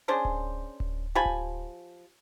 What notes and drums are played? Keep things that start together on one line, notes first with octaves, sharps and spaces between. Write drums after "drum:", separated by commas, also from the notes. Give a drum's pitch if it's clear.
C#4 D4 G#4 C5
drum: kick D1
drum: kick D1
F3 G4 G#5 B5
drum: kick D1